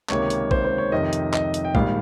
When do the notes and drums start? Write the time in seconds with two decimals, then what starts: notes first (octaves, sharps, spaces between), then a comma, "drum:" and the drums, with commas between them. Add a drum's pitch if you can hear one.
0.10 C#2 C3 D#3 A#3 C#5, drum: clap
0.30 drum: hi-hat
0.51 C5, drum: kick A#1
0.65 C5
0.78 C#5
0.92 F2 C3 D#3 D#5
1.13 drum: hi-hat
1.34 D#5, drum: clap
1.54 drum: hi-hat
1.65 G5
1.75 A#1 G#2 D#3 G3 F5, drum: kick A#1